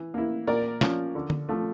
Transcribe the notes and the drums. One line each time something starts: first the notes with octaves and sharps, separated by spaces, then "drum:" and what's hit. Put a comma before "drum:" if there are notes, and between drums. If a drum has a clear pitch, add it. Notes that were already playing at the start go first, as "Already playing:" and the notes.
Already playing: E3
A#3 E4
A#2 A#4 D5
F3 C#4, drum: snare
D3
drum: tom D3
F3 A3